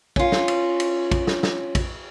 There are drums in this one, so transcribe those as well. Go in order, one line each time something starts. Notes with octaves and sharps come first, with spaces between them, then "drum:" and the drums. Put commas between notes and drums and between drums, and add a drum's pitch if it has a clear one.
C#4 F4, drum: kick
drum: snare
drum: cymbal
drum: cymbal
drum: kick, cymbal
drum: snare
drum: snare
drum: kick, cymbal